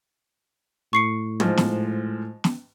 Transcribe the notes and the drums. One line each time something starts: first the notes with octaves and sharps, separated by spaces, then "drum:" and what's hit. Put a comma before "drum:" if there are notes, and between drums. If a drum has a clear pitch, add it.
A2 C#6 C7 C#7
G#2 F3, drum: tom
drum: snare
drum: snare